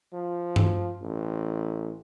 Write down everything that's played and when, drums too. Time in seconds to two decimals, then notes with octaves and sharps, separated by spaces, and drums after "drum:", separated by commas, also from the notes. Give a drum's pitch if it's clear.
0.14 F3
0.56 drum: tom G2
1.02 A1